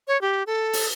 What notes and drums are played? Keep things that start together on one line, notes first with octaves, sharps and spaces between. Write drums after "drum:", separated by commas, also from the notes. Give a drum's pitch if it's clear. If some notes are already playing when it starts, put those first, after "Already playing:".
C#5
G4
A4
drum: open hi-hat